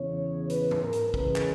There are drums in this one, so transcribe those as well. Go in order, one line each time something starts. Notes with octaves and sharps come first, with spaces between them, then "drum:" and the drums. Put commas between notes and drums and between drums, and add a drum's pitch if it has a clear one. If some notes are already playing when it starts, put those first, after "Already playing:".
Already playing: E2 C#3 E3 C#5
B4, drum: hi-hat
drum: tom G#2
A#4
drum: hi-hat
E2 C#3 G#3 B4, drum: kick
drum: clap